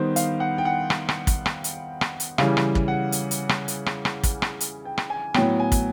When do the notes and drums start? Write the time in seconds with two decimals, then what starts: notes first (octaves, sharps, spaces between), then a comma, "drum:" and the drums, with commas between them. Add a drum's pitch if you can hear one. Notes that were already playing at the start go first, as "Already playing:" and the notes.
Already playing: D#3 G3 B3 C5
0.16 F5, drum: hi-hat
0.40 F#5
0.58 G5
0.65 F#5
0.90 drum: rim click
1.09 drum: rim click
1.27 drum: kick, hi-hat
1.46 drum: rim click
1.64 drum: hi-hat
2.01 drum: rim click
2.20 drum: hi-hat
2.38 C#3 E3 G3 F5, drum: rim click
2.57 drum: rim click
2.75 drum: kick
2.88 F#5
3.12 drum: hi-hat
3.31 drum: hi-hat
3.49 drum: rim click
3.68 drum: hi-hat
3.86 drum: rim click
4.05 drum: rim click
4.23 drum: kick, hi-hat
4.42 drum: rim click
4.61 drum: hi-hat
4.85 G5
4.98 drum: rim click
5.10 G#5
5.34 A2 F#3 B3 G5, drum: rim click
5.60 G#5
5.72 drum: kick, hi-hat